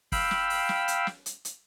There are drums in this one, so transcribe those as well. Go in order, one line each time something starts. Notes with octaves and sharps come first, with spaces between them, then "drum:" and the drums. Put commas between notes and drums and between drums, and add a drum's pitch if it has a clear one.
F5 G5 B5 E6, drum: kick, open hi-hat
drum: snare
drum: open hi-hat
drum: snare
drum: hi-hat
drum: snare
drum: hi-hat
drum: hi-hat